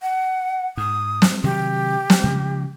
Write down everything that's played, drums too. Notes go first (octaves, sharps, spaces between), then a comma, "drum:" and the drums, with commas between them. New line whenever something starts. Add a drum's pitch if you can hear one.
F#5
G#2 D#6
drum: snare
C3 D#3 F#3 G4
drum: snare
C#3 F3 G#3